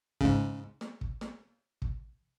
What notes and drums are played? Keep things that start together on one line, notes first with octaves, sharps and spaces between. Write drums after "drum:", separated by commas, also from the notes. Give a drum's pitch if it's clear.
G#2 C#3, drum: kick
drum: snare
drum: kick
drum: snare
drum: kick